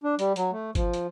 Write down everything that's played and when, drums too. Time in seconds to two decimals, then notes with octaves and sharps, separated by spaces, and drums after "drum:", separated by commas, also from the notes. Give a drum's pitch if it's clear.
0.04 D4
0.19 G3, drum: hi-hat
0.36 F#3, drum: hi-hat
0.52 A3
0.75 F3, drum: kick G#1, hi-hat
0.94 drum: hi-hat